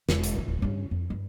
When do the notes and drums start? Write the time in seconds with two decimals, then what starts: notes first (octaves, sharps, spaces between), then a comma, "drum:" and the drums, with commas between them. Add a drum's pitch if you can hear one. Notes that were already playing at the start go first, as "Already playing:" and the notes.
0.09 E1, drum: snare
0.24 drum: hi-hat
0.34 A2 E3
0.48 D1
0.62 G2 C#4
0.91 F2
1.10 G2